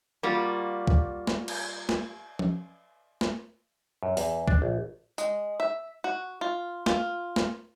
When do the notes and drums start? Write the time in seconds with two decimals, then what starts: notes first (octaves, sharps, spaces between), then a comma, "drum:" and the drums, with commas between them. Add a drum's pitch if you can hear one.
0.23 G3 A#3 F4 F#4
0.87 drum: kick
1.27 drum: snare
1.48 drum: cymbal
1.89 drum: snare
2.39 drum: tom F3
3.21 drum: snare
4.03 F#2
4.17 E2, drum: open hi-hat
4.48 D4, drum: kick
4.62 A#1
5.18 G#3, drum: tambourine
5.60 E5
6.04 F#4
6.41 F4
6.86 F4, drum: snare
7.36 drum: snare